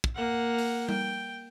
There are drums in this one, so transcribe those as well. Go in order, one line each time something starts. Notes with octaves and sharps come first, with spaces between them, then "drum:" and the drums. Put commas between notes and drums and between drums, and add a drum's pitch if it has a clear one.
drum: kick
A#3 F#5
drum: open hi-hat
G5, drum: tom G3